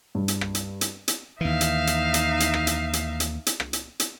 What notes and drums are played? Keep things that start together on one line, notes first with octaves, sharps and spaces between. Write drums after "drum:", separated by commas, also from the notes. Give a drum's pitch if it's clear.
G2
drum: hi-hat
drum: rim click
drum: hi-hat
drum: hi-hat
drum: hi-hat
D#2 E3 D#4 E5 F5
drum: hi-hat
drum: hi-hat
drum: hi-hat
drum: hi-hat
drum: rim click
drum: hi-hat
drum: hi-hat
drum: hi-hat
drum: hi-hat
drum: rim click
drum: hi-hat
drum: hi-hat